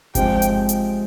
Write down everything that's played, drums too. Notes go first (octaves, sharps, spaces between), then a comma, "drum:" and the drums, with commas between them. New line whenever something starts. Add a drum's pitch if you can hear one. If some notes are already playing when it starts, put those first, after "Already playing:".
C3 F3 G#3 G5, drum: kick G1, hi-hat
drum: hi-hat
drum: hi-hat